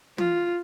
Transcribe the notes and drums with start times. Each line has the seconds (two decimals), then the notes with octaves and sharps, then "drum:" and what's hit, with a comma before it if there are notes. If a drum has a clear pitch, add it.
0.18 F4, drum: tom